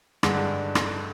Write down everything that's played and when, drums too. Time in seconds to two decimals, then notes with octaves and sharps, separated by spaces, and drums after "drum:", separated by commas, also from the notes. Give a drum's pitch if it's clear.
0.23 G2 D3 G#3 D4, drum: rim click
0.75 drum: rim click